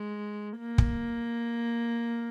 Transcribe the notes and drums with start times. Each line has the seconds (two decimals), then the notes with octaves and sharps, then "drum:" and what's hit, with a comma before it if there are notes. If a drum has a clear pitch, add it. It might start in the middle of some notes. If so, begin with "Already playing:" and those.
Already playing: G#3
0.59 A#3
0.78 drum: kick